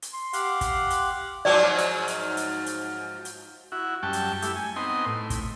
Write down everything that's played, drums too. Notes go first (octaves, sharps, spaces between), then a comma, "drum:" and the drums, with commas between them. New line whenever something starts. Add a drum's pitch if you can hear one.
drum: hi-hat
C6
G4 F5 F#5, drum: hi-hat
drum: kick, hi-hat
drum: hi-hat
G#2 F3 F#3 D5
drum: hi-hat
drum: hi-hat
drum: hi-hat
drum: hi-hat
drum: hi-hat
E4 F#4
F#2 G3 G5 A5 C#6
drum: hi-hat
A3 E4 G4, drum: hi-hat
G#5
B3 C4 D#4 D#5 C6
A2
drum: kick, hi-hat